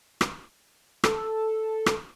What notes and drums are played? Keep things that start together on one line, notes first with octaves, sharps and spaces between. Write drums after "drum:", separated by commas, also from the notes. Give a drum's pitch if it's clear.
drum: rim click
A4, drum: rim click
drum: rim click